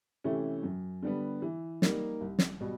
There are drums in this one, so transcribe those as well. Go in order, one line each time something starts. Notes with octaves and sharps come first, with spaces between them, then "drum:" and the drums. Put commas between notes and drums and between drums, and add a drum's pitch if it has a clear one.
C3 E3 A3 C#4
F#2
D3 G3 B3
E3
G3 A#3 D#4, drum: snare
C2
drum: snare
B2 G3